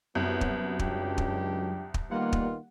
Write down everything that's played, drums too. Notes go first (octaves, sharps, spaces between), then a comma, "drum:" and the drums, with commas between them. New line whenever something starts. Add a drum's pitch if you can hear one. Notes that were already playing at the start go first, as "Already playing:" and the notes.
C2 F#2 F#3 B3
drum: kick
C#2 D4 G4, drum: kick
drum: kick
drum: kick
D#3 G3 A#3 B3 F4 F#5
drum: kick